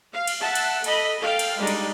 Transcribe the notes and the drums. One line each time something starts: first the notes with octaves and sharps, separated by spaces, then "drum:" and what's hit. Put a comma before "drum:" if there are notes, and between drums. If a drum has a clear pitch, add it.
F5
drum: cymbal
E5 F#5 A5
drum: cymbal
A4 D#5 B5, drum: cymbal
A4 F5 G5
drum: cymbal
G3 G#3 D4 D#4
drum: cymbal